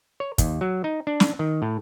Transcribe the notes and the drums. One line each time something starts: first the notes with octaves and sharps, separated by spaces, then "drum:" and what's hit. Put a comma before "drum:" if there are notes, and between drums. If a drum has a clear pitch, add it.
C#5
D#2, drum: kick, hi-hat
F#3
D#4
D4
drum: snare
D#3
A2